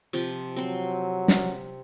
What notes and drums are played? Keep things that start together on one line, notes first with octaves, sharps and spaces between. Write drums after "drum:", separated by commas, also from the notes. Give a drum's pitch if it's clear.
C3 F3 G5
F#3 C4 C6
drum: snare